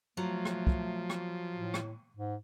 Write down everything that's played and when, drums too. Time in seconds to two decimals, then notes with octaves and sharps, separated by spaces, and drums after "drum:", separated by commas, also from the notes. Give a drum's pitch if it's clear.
0.17 F3 F#3 A3
0.45 drum: rim click
0.67 drum: kick
1.10 drum: rim click
1.53 A2
1.74 drum: rim click
2.17 G#2